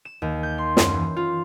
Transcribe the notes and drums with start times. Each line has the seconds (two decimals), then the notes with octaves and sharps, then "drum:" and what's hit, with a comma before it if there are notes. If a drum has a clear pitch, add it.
0.05 E7
0.22 D#2
0.43 G6
0.58 C6
0.77 F#2, drum: snare
0.94 E3
1.16 F4